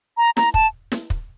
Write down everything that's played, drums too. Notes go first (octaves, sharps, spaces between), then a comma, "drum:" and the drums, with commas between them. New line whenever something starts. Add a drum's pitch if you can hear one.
A#5
A#5, drum: snare
A5, drum: kick
drum: snare
drum: kick